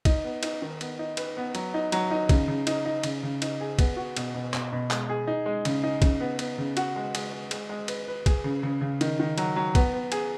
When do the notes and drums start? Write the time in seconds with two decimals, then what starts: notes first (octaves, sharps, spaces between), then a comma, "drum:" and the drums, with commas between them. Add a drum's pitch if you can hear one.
0.05 D#4, drum: kick, cymbal
0.24 B3
0.43 D#4, drum: cymbal
0.62 D#3
0.81 B3, drum: cymbal
0.99 D#4
1.17 B4, drum: cymbal
1.37 B3
1.55 F#3, drum: cymbal
1.74 D#4
1.92 F#3, drum: cymbal
2.11 D#4
2.29 C#3, drum: kick, cymbal
2.48 C#3
2.67 D#4, drum: cymbal
2.85 D#4
3.03 C#3, drum: cymbal
3.23 C#3
3.42 D#4, drum: cymbal
3.61 G#4
3.79 B3, drum: kick, cymbal
3.97 F#4
4.16 B2, drum: cymbal
4.34 B2
4.54 B2, drum: clap
4.72 B2
4.91 G#3, drum: clap
5.09 G#4
5.27 D#4
5.46 G#3
5.65 C#3, drum: cymbal
5.83 D#4
6.02 C#3, drum: kick, cymbal
6.20 B3
6.39 B3, drum: cymbal
6.58 C#3
6.77 F#4, drum: cymbal
6.96 G#3
7.15 G#3, drum: cymbal
7.33 G#3
7.51 G#3, drum: cymbal
7.69 G#3
7.88 B4, drum: cymbal
8.08 B4
8.26 G#4, drum: kick, cymbal
8.44 C#3
8.63 C#3
8.81 C#3
9.01 D#3, drum: cymbal
9.20 D#3
9.38 F#3, drum: cymbal
9.56 F#3
9.75 B3, drum: kick, cymbal
9.94 B3
10.12 G#4, drum: cymbal